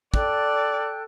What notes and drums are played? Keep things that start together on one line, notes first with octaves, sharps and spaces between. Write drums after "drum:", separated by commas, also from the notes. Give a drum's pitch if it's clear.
A4 D5 G5 F#6, drum: kick